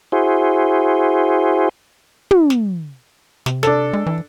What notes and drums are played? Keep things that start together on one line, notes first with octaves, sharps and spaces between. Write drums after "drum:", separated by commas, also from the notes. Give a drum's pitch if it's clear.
E4 F#4 G#4 C5
drum: tom
drum: snare
C3, drum: snare
D4 A4, drum: snare
G#3
E3